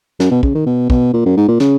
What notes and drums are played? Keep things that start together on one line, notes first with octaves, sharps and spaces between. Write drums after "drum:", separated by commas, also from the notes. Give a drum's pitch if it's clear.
F#2, drum: snare
B2
C#3, drum: kick
D#3
B2
B2, drum: kick
A#2
F#2
G#2
A#2
C#3, drum: snare